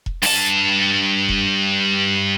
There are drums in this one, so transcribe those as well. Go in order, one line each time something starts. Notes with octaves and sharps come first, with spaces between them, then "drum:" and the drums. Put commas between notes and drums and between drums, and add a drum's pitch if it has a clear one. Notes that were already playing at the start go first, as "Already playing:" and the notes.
drum: kick E1
G2 A5, drum: open hi-hat
drum: kick E1